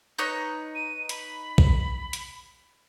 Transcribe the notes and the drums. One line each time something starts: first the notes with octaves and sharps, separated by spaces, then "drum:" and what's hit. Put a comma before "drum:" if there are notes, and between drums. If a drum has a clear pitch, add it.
D#4 B4 C#5
D#7
B5, drum: hi-hat
drum: kick A#1
drum: hi-hat